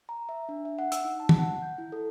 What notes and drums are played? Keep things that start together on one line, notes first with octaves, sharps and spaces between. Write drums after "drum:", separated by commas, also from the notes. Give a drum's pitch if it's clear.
A#5
E5
D4
E5
F#5
E6, drum: hi-hat
D#4
A5
drum: tom
F#5
G6
E4
A4